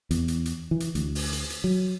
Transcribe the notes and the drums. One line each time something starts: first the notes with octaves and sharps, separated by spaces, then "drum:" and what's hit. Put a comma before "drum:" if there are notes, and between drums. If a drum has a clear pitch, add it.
E2, drum: hi-hat
drum: hi-hat
drum: hi-hat
E3
drum: hi-hat
D2, drum: hi-hat
drum: open hi-hat
drum: hi-hat
drum: hi-hat
F#3